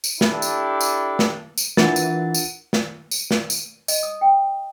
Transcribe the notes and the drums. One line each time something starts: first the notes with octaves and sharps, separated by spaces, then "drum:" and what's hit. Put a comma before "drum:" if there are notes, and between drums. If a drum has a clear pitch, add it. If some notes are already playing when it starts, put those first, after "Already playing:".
drum: tambourine
D4 E4 G4 A4, drum: snare
drum: tambourine
drum: tambourine
drum: snare
drum: tambourine
E3 D4 F4 A#4 F#5 A6, drum: snare
drum: tambourine
drum: tambourine
drum: snare
drum: tambourine
drum: snare
drum: tambourine
D#5, drum: tambourine
D#6
G5